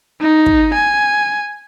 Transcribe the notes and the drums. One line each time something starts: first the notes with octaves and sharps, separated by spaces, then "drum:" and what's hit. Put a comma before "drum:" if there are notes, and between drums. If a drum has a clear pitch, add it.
D#4
drum: kick
G#5